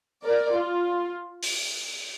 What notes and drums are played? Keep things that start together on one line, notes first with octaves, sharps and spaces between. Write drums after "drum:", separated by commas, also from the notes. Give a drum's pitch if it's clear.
A#4 D5
F4
drum: open hi-hat